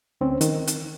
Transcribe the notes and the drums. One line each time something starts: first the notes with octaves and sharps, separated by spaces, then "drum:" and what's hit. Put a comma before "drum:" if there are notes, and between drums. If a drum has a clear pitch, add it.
D2 C4 C#4
D#3, drum: hi-hat
drum: hi-hat